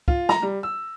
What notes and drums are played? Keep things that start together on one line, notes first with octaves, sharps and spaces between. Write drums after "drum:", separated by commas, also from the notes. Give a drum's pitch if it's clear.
F4, drum: kick
A#5, drum: snare
G3
E6